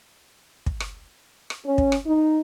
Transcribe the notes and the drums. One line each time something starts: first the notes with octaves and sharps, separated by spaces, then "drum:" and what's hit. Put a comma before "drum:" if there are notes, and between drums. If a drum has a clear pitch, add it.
drum: kick
drum: rim click
drum: rim click
C#4
drum: kick
drum: rim click
D#4